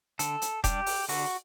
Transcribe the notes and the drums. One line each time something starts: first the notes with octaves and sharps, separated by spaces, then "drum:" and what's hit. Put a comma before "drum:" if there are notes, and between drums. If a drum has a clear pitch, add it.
D3 A4, drum: hi-hat
drum: hi-hat
G3 D4 G4, drum: kick E1, hi-hat
drum: open hi-hat
D3 F#4, drum: open hi-hat